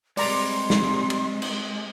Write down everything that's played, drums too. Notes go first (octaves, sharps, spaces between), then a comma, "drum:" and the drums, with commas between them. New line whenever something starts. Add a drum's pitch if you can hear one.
C3 G3 G#3 D5 A#5 C6, drum: open hi-hat
drum: snare
drum: cymbal
drum: cymbal